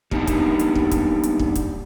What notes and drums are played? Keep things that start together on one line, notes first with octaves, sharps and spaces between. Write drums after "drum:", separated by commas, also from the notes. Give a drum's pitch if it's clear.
G3 A#3 B3 D4 D#4, drum: kick
drum: kick, hi-hat
drum: hi-hat
drum: kick
drum: kick, hi-hat
drum: hi-hat
drum: kick
drum: kick, hi-hat